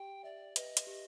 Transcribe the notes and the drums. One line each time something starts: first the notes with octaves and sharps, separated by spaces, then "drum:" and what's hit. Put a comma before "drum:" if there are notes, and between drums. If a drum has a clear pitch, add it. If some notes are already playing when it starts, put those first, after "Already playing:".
Already playing: G4 G5
D5 E5
B4 D#5, drum: hi-hat
drum: hi-hat
G4